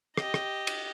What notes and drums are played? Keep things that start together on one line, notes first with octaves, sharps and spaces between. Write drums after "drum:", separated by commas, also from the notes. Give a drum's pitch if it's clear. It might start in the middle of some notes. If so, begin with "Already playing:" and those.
G4 D#5, drum: rim click
drum: rim click
drum: cymbal